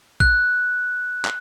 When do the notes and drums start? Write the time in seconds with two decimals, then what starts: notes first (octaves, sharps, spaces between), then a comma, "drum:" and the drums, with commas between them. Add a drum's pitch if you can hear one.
0.20 F#6, drum: kick A#1
1.25 drum: clap